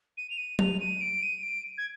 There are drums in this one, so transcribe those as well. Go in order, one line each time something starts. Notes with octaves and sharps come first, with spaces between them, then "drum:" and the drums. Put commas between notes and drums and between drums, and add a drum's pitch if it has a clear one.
D#7
F7
D#7
F7, drum: tom F#3
D#7
D7
D#7
D7
G#6